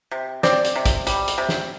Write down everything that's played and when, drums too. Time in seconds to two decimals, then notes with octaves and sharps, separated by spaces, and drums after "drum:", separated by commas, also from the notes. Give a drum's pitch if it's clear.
0.11 C3
0.43 C4 D5, drum: snare
0.64 drum: hi-hat
0.76 C3
0.85 drum: kick, hi-hat
1.07 G3, drum: hi-hat
1.28 drum: hi-hat
1.38 C3
1.49 drum: snare